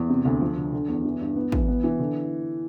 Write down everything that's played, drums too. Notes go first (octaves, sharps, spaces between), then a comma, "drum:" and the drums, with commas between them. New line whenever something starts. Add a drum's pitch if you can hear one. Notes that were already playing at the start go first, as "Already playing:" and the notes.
Already playing: E2
C3
D2
F3
D3
D3
E2
E3
G2
B3
E3, drum: kick
B3
E3
D3